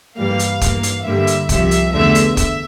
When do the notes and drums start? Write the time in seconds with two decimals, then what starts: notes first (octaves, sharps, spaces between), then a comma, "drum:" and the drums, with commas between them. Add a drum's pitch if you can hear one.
0.17 G2 E3 G3 A#3 F5
0.39 drum: hi-hat
0.61 G2 E3 A#3, drum: kick, hi-hat
0.83 drum: hi-hat
1.05 G2 D3 G3 A#3 E5
1.27 drum: hi-hat
1.49 C2 C3 F3 E5, drum: kick, hi-hat
1.71 drum: hi-hat
1.93 E2 D3 A3 E5
2.15 drum: hi-hat
2.37 E5, drum: kick, hi-hat